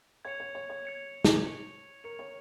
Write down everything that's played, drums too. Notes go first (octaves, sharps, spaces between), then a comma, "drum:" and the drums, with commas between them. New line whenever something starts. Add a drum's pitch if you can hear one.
C#5 G#6 C#7 F7
C#5
C#5
C#5
G#6 C#7 F7
drum: snare
C#6 G#6 C#7 F7
A#4 C#6 G#6 C#7 F7
C#5